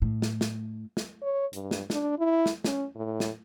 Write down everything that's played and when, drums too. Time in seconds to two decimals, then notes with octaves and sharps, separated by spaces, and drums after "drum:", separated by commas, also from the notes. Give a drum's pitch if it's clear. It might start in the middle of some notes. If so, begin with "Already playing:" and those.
0.02 A2
0.22 drum: snare
0.41 drum: snare
0.97 drum: snare
1.22 C#5
1.53 G2, drum: hi-hat
1.71 drum: snare
1.90 D4, drum: snare
2.18 E4
2.46 drum: snare
2.64 C#4, drum: snare
2.95 A2
3.20 drum: snare